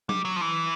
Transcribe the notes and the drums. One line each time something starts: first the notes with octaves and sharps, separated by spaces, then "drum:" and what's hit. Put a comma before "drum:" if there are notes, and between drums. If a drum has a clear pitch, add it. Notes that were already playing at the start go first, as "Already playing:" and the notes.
G3, drum: tom F#3
F#3
F3
E3